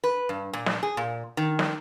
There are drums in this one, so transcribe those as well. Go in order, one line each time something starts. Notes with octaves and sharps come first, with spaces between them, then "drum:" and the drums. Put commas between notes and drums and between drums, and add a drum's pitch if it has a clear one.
B4
G2
A#2
drum: snare
G#4
A#2
D#3
drum: snare